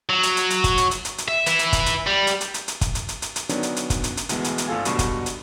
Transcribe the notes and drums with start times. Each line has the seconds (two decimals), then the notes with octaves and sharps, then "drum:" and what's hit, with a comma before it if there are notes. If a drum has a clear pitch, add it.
0.09 F#3
0.23 drum: hi-hat
0.37 drum: hi-hat
0.50 drum: hi-hat
0.64 drum: kick, hi-hat
0.78 drum: hi-hat
0.91 drum: hi-hat
1.05 drum: hi-hat
1.18 drum: hi-hat
1.28 E5
1.46 B4 E5, drum: hi-hat
1.59 drum: hi-hat
1.73 drum: kick, hi-hat
1.86 drum: hi-hat
2.07 G3
2.27 drum: hi-hat
2.41 drum: hi-hat
2.54 drum: hi-hat
2.68 drum: hi-hat
2.81 drum: kick, hi-hat
2.95 drum: hi-hat
3.09 drum: hi-hat
3.22 drum: hi-hat
3.36 drum: hi-hat
3.49 D3 D#3 F#3 B3 C#4 D4, drum: hi-hat
3.63 drum: hi-hat
3.76 drum: hi-hat
3.90 drum: kick, hi-hat
4.04 drum: hi-hat
4.17 drum: hi-hat
4.29 D2 B2 E3 G#3 B3, drum: hi-hat
4.44 drum: hi-hat
4.58 drum: hi-hat
4.68 G#1 A3 F4 A4 F5 G#5
4.85 G2 B2 D3 F#3 C#6 E7, drum: hi-hat
4.99 drum: kick, hi-hat
5.26 drum: hi-hat